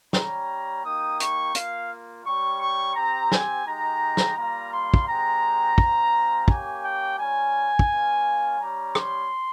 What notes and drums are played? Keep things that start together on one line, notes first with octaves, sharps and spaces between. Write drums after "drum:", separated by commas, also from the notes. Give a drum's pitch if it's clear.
G3 C#4 G4 A#5, drum: snare
A#3 D#4 G4 D#6
C#6, drum: hi-hat
A#3 F4 F5, drum: hi-hat
G3 C#4 G4 C#6
C#6
C4 G4 A#5
G#5, drum: snare
G#3 D#4 G4 A#5
drum: snare
G3 A#3 F4 A#5
C6
drum: kick
G#3 C4 G4 A#5
G#3 C4 F4, drum: kick
A#3 C#4 G4 G#5, drum: kick
G5
G3 C#4 F4 G#5
drum: kick
A#3 C#4 F4
G3 C#4 G4 A#5
C6, drum: rim click